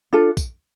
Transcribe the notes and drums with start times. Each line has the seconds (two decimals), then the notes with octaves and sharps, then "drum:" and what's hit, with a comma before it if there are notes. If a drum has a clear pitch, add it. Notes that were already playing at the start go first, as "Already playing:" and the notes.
0.13 D4 F4 A4
0.37 drum: kick, tambourine